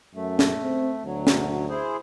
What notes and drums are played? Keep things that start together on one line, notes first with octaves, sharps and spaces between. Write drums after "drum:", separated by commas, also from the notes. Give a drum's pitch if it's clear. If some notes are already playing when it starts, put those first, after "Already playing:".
F#2 A3
drum: snare
C4
D2 F#3
drum: snare
E4 G#4 C5